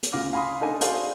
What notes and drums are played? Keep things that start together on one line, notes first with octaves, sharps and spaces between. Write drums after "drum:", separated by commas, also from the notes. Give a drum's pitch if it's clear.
drum: hi-hat
D2 C#3 F4 D6 F6 A#6
F5 G#5 B5 C6 D#6
D4 D#4 A4 F#5 G#5
F#4 G#4 A4 C5 D5 F5, drum: hi-hat